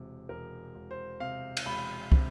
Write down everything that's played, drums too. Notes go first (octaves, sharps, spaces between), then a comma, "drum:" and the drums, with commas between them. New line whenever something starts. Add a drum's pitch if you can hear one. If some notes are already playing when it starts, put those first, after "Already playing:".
Already playing: E1 C3
E1 A#4
E1
C5
C3 F5
drum: cymbal
E1 B5
C3, drum: kick